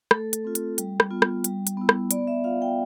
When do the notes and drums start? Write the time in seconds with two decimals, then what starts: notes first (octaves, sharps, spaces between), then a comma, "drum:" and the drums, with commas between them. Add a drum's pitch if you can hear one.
0.11 A3 A4, drum: rim click
0.33 drum: hi-hat
0.44 C4 F4
0.55 drum: hi-hat
0.78 G3, drum: hi-hat
1.00 drum: rim click
1.11 B3 F4
1.22 drum: rim click
1.44 G3, drum: hi-hat
1.67 drum: hi-hat
1.77 B3 E4
1.89 drum: rim click
2.11 B3 D5, drum: hi-hat
2.27 E5
2.44 F4 F5
2.62 G5